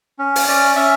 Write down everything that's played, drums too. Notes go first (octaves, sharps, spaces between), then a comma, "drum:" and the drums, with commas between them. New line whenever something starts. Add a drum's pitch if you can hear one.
C#4
drum: open hi-hat
C#4 D5
C#4 E5